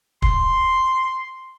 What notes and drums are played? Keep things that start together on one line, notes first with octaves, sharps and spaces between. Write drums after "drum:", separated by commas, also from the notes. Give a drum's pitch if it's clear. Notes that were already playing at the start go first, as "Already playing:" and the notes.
C6, drum: kick